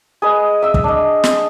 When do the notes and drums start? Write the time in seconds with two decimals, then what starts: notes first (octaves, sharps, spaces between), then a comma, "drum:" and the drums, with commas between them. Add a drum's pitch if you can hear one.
0.22 G#4 B4 D#5
0.62 E5 E6
0.74 drum: kick
0.84 D4 D#5
1.24 drum: snare